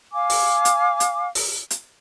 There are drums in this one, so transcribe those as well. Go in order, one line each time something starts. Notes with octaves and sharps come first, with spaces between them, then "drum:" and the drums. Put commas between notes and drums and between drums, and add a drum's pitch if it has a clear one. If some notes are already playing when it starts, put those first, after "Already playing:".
F5 G#5 D6
drum: open hi-hat
drum: hi-hat
drum: hi-hat
drum: open hi-hat
drum: hi-hat